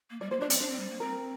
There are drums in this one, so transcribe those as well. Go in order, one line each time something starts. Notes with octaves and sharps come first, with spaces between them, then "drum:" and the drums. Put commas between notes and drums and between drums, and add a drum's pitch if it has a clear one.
A#3
G3 D5
A#3 C5
D4 D5
C4, drum: hi-hat
D4 C5
C4
G3
A#3
C4 A#4